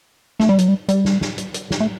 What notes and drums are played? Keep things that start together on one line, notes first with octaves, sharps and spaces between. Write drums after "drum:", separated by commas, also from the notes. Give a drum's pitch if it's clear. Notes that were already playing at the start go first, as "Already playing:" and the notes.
A3, drum: snare
G3
F#3, drum: hi-hat
G3
G3, drum: hi-hat
drum: snare
drum: snare
drum: hi-hat
drum: hi-hat
drum: snare
A3